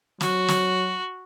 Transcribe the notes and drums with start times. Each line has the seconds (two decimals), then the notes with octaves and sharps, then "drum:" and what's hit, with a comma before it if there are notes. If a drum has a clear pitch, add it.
0.21 F#3 F#4, drum: snare
0.48 drum: snare